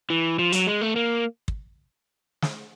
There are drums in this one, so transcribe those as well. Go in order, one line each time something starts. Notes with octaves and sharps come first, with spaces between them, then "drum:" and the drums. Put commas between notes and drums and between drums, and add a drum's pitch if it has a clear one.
E3
F3
F#3, drum: hi-hat
G#3
A3
A#3
drum: kick
drum: snare